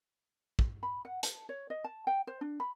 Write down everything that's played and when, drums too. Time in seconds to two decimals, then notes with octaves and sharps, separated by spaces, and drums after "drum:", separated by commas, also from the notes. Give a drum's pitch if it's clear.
0.59 drum: kick
0.83 B5
1.05 F#5
1.23 A5, drum: hi-hat
1.49 C#5
1.70 D#5
1.84 A5
2.07 G5
2.27 C5
2.41 D4
2.60 B5